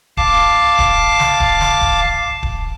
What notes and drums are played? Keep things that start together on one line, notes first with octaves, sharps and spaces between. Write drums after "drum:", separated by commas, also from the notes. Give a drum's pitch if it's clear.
F5 A5 D6, drum: kick D1
drum: kick D1
drum: snare
drum: kick D1
drum: snare
drum: kick D1
drum: kick D1